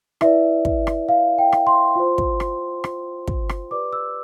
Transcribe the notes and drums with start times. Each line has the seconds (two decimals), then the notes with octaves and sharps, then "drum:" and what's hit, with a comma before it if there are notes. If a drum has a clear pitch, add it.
0.21 E4 B4 D5 E5, drum: rim click
0.65 drum: kick
0.87 drum: rim click
1.09 F5
1.38 G5
1.52 drum: rim click
1.67 C6
1.96 F4 C5
2.18 drum: kick
2.40 drum: rim click
2.84 drum: rim click
3.28 drum: kick
3.49 drum: rim click
3.71 G4 B4 D5 D6
3.93 E6